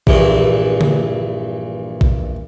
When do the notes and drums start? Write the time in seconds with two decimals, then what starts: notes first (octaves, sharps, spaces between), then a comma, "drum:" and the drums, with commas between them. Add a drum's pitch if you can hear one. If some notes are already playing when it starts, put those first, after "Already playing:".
0.07 A#1 G2 E3, drum: kick A#1
0.81 drum: tom D3
2.01 drum: kick A#1